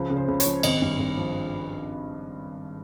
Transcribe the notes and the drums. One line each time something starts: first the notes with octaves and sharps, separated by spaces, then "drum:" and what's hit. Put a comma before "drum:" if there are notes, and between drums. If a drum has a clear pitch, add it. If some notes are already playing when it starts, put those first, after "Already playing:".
Already playing: C#2 F3
C#3
C5
C#2
C#5, drum: hi-hat
F3
G#1 D#5, drum: cymbal
G2
G#1
F3